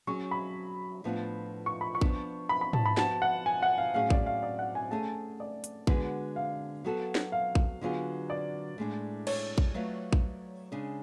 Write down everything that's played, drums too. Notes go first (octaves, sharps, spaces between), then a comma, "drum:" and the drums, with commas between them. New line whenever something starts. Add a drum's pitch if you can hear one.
F#3 C#4 G#4 C#6
B5
A2 F3 B3 D4 F4
C#6
B5
C#6
F3 B3 D4, drum: kick A#1
B5
B5
A5, drum: tom G#2
B5
F3 B3 F#4 A5, drum: snare
F#5
G#5
F#5
F5
A2 F#3 C#4 G#4 F5
D5, drum: kick A#1
F5
D5
F#5
G#5
A3 C#4 G#4 A5
D5
drum: hi-hat
D3 G#3 B3 F#4 B4, drum: kick A#1
F5
F#3 B3 F#4 A4
drum: snare
F5
drum: kick A#1
D3 F#3 B3 F4 G#4
D5
A2 G#3 D4
C#5, drum: cymbal
drum: kick A#1
F#3 A3 F4 B4 F5
drum: kick A#1
C#3 G#3 D4